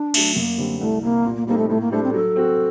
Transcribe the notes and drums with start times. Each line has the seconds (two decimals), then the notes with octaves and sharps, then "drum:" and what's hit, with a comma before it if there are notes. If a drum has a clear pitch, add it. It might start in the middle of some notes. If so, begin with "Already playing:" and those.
Already playing: D4
0.14 F#3 A3, drum: cymbal
0.36 F#2 A#3
0.58 D3 G3 C4
0.80 C2 A3
1.03 C3 G3 A#3
1.25 A#2
1.36 A#3
1.47 G3 A#3 C4 D#4 A4
1.58 A3
1.69 A2 A3
1.81 A#3
1.91 G3 A3 D4 A4 C5
2.03 C4
2.14 F#3 A4
2.36 C4 F#4